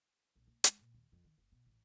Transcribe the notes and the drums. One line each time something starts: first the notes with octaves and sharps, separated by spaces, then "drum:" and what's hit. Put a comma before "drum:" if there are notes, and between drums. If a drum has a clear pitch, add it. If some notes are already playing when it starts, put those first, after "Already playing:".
A#1
A#3
G#3, drum: hi-hat
A#2
D#2
F2
D#3
F#1
B2
A1